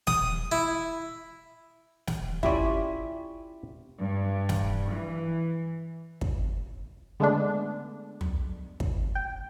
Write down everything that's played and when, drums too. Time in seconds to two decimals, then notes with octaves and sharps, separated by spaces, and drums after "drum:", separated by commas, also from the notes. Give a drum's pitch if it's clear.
0.07 D#6, drum: snare
0.52 E4
2.07 drum: snare
2.43 C#4 E4 F4 G4 D5 E5, drum: kick
4.01 G2
4.49 drum: snare
4.92 E3
6.21 drum: kick
7.20 D3 G#3 A3 B3 D4
8.21 drum: tom
8.80 drum: kick
9.15 G5